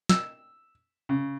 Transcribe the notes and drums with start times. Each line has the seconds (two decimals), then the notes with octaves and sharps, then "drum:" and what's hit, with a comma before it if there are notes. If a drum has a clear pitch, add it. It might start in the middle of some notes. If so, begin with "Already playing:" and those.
0.09 E6, drum: snare
1.09 C#3